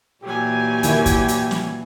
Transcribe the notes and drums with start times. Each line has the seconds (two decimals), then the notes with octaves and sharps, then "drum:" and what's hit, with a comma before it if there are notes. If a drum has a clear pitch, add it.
0.24 A#2 E3 F#3 G4 G#5
0.83 D#2 D#3 E4, drum: hi-hat
1.06 drum: kick, hi-hat
1.28 drum: hi-hat
1.51 drum: snare